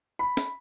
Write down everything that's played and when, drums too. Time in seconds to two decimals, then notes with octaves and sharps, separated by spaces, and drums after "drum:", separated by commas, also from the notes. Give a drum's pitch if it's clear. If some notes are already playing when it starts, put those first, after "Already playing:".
0.19 B5
0.37 drum: snare